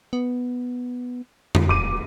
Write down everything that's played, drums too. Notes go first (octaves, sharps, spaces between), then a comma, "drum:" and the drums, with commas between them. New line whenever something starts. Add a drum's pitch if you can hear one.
B3
drum: tom F2
D#1 D6 D#7